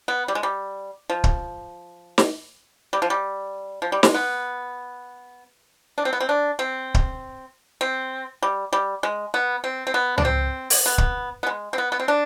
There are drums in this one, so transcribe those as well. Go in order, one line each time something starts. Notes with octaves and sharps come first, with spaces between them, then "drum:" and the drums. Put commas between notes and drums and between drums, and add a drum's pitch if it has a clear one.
B3
G3
G#3
G3
F3
drum: kick
drum: snare
G3
F3
G3
F3
G3
G#3, drum: snare
B3
D4
C4
B3
C4
D4
C4
drum: kick
C4
G3
G3
G#3
B3
C4
C4
B3
D4, drum: tom C#2
C4
drum: open hi-hat
B3
drum: kick
B3
G#3
C4
B3
B3
C4
D4